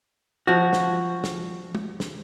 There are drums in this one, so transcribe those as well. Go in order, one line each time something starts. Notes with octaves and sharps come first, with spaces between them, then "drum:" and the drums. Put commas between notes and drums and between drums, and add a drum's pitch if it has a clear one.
F3 F#4
drum: snare
drum: snare
drum: tom
drum: snare